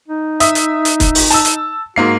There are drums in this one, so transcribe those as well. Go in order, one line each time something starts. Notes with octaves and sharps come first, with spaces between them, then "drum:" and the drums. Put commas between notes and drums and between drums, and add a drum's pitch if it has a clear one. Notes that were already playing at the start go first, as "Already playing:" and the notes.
D#4
E5 D#6, drum: hi-hat
drum: hi-hat
drum: hi-hat
drum: kick, hi-hat
drum: open hi-hat
A5 E6, drum: hi-hat
drum: hi-hat
G#2 A#3 F#4 C7